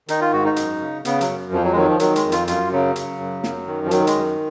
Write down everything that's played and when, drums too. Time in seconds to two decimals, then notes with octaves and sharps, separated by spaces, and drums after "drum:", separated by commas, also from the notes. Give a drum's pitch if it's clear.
0.08 D#3 D#4, drum: hi-hat
0.21 F4
0.33 G#2 F#4
0.44 D#4
0.56 F#2, drum: hi-hat
0.81 C#3
1.05 C#3 B3, drum: hi-hat
1.21 F#3, drum: hi-hat
1.28 F#2
1.52 F2 F3
1.64 F#3
1.72 G#3
1.76 D#3 F#3
1.88 F3
2.00 D#3 F#3, drum: hi-hat
2.16 G#3, drum: hi-hat
2.25 F2
2.32 F4, drum: hi-hat
2.48 F#2 F4, drum: hi-hat
2.72 C#3 F#3
2.96 C#3, drum: hi-hat
3.20 F#2
3.44 F#2, drum: snare
3.67 D#3
3.87 F3
3.91 D#3 F#3, drum: hi-hat
4.07 G#3, drum: hi-hat
4.15 F#2